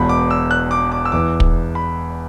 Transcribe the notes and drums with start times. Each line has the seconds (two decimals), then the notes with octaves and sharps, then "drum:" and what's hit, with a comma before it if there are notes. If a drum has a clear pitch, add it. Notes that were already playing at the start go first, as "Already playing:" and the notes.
Already playing: E1 E2 B2 B5
0.09 D6
0.30 E6
0.51 F#6
0.71 D6
0.92 D6
1.05 E6
1.12 E2 E3 D6
1.40 drum: kick
1.75 B5